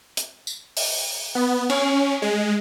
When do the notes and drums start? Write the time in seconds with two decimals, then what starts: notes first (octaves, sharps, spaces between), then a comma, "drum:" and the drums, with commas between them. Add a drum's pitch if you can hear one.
0.17 drum: hi-hat
0.47 drum: tambourine
0.77 drum: open hi-hat
1.35 B3
1.70 C#4, drum: cymbal
2.22 G#3